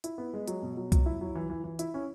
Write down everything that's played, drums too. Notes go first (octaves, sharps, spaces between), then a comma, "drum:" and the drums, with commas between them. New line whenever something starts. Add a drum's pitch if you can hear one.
E4, drum: hi-hat
B3
G#3
F#3, drum: hi-hat
B2
F#3
F#3, drum: kick C2, hi-hat
E4
F#3
E3
E3
E3
E4, drum: hi-hat
C#4